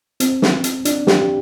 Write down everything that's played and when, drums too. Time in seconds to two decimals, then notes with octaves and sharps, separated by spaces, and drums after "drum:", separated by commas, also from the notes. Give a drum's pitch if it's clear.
0.20 C4, drum: hi-hat
0.42 drum: snare
0.64 drum: hi-hat
0.85 D4, drum: hi-hat
1.07 G4, drum: snare